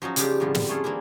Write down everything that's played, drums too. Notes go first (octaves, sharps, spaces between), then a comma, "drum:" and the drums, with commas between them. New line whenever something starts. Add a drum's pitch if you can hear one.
F3 F#3 C#4 D#4
C#3 F3 G3 A#3 F4 G4, drum: hi-hat
F2 A2 D3 G3 F4
drum: snare
A3 A#3 C#4 F4 G#4 A4
E3 A#3 C4 D4 E4